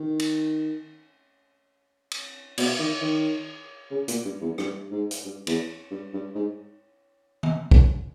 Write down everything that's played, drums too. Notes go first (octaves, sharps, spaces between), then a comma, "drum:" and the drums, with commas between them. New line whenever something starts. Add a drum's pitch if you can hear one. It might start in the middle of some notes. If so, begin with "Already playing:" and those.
Already playing: D#3
drum: cymbal
drum: cymbal
B2, drum: cymbal
D#3
D#3
C#3
A#2, drum: hi-hat
G2
E2
G2, drum: rim click
G#2
drum: hi-hat
G2
E2, drum: cymbal
G2
G2
G#2
drum: tom D#3
drum: kick B1